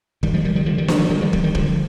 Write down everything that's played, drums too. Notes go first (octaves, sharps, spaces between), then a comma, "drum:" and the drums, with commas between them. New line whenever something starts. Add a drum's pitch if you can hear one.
D#3 G3, drum: kick
F3 G#3
D#3 G3
D#3 G3
D3 F3
D#3 G3
F3 G#3, drum: snare D4
D#3 G3
D#3 G3
F3 G#3
D#3 G3, drum: kick
D#3 G3
D3 F3, drum: kick